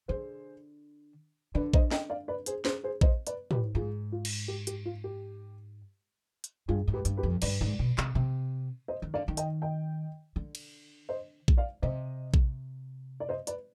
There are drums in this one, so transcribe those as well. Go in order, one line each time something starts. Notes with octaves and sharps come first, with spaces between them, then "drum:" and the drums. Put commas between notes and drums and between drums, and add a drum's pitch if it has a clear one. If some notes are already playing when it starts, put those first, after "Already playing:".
D3 G#4 C5
D3 B4 D5
C5 D#5, drum: kick A#1
D#5 G5, drum: snare
D5 F5
B4 D5
G#4 C5, drum: hi-hat
G#4 C5, drum: snare
G#4 C5
C5 D#5, drum: kick A#1
B4 D5, drum: hi-hat
G4 B4, drum: tom
G#2 F4 G#4
F4
drum: cymbal
G4
G4, drum: hi-hat
F4
G4
drum: hi-hat
G2 F4 G#4
G#2
G4 B4
G2, drum: hi-hat
G4 B4
F2
G2 B4 D5, drum: cymbal
G#2
B2
C3, drum: clap
C3
C5 D#5
D#3
D3 D5 F5
D#3
D#5 G5, drum: hi-hat
D#5 G5
D3
drum: cymbal
C5 D#5
drum: kick A#1
D5 F5
C3 C5 D#5
drum: kick A#1
D5
C5 D#5
B4 D5, drum: hi-hat